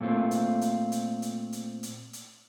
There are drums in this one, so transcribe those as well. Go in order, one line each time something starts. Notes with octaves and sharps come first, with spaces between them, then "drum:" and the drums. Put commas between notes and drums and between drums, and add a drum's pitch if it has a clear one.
A#2 A3 C4 F4
drum: hi-hat
drum: hi-hat
drum: hi-hat
drum: hi-hat
drum: hi-hat
drum: hi-hat
drum: hi-hat